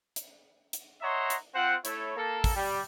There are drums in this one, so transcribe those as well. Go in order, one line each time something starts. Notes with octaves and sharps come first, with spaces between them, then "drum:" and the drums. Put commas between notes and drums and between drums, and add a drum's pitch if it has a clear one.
drum: hi-hat
drum: hi-hat
C#5 D#5 E5 F#5 A#5 C6
drum: hi-hat
C4 F4 C5 F#5
A3 E4 C#5, drum: hi-hat
A#3 A4
drum: kick, open hi-hat
G3